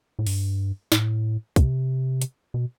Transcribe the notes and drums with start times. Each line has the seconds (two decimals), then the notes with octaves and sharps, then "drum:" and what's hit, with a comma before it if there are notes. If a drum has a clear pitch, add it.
0.19 A2
0.27 G2, drum: open hi-hat
0.92 A2, drum: snare
1.56 C3, drum: kick, hi-hat
2.22 drum: hi-hat
2.54 B2